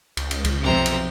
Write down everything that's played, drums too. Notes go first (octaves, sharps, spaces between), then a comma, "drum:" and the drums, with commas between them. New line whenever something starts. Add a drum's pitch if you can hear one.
C#2, drum: cymbal
drum: cymbal
drum: kick, cymbal
B1 F2 C3 C4 A#5
drum: cymbal